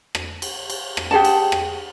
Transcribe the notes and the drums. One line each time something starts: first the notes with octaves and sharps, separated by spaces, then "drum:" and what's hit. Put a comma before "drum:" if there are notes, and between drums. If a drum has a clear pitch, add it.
drum: rim click
drum: cymbal
drum: cymbal
drum: rim click
G4 G#4 F#5 A5
drum: cymbal
drum: rim click